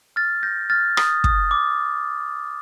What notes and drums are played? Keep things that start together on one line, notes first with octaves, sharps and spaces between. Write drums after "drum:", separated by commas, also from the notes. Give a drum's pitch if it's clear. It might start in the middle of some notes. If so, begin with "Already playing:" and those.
F6 A6
G6 A#6
F6 A6
D#6, drum: rim click
D#6, drum: kick
D6